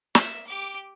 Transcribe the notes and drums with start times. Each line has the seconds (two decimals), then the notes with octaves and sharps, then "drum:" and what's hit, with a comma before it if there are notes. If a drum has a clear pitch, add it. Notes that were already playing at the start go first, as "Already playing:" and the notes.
0.15 A#3 E5, drum: snare
0.47 G4 D6